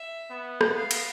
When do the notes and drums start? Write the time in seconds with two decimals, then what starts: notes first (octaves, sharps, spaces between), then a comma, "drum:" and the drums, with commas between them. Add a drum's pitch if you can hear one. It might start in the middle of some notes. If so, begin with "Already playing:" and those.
Already playing: E5
0.31 B3
0.61 drum: rim click
0.75 F5
0.91 drum: cymbal